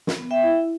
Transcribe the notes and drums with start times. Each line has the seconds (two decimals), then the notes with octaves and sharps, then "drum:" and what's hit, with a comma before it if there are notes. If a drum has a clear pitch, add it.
0.07 drum: snare
0.18 B3
0.31 E5 G5
0.43 E4